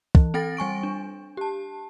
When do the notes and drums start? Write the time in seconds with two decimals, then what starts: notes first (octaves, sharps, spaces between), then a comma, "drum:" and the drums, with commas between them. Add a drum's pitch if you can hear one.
0.15 E3, drum: kick
0.34 C4 A4 G5 A6 A#6
0.57 G3 G#5 C#6 D7
0.83 D4
1.37 G4 A5